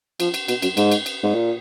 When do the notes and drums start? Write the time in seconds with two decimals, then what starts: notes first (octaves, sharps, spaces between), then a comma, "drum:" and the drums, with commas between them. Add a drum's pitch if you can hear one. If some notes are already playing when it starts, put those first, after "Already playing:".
0.20 F3, drum: cymbal
0.34 drum: cymbal
0.48 B2, drum: cymbal
0.62 F#2, drum: cymbal
0.77 G#2, drum: cymbal
0.91 drum: cymbal
1.06 drum: cymbal
1.23 G#2
1.35 A#2